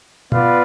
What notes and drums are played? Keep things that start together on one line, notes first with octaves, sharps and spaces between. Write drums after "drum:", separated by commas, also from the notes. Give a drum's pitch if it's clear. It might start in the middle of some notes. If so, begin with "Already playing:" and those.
B3 F4 B4 D5 F5, drum: tom B2